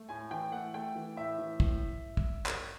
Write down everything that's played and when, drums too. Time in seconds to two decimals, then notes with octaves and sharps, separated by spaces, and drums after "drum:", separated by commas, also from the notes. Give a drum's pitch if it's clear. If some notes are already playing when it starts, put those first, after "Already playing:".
Already playing: A3
0.09 A2 G#5
0.31 E3 G5
0.52 A3 F#5
0.74 A3 G5
0.95 E3
1.17 A2 E5
1.38 E3
1.60 A2, drum: kick
2.17 drum: kick
2.46 drum: clap